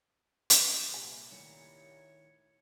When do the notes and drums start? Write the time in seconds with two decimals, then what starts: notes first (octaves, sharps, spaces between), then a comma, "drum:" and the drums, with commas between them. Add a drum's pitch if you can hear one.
0.50 drum: hi-hat
0.94 C2 A#2 G#5
1.31 D#3 A3 E4 C#5